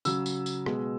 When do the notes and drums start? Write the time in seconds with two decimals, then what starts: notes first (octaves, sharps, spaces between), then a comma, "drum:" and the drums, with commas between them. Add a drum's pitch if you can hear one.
0.05 C#3 F#3 E6, drum: tambourine
0.26 drum: tambourine
0.46 drum: tambourine
0.66 B2 G#3, drum: rim click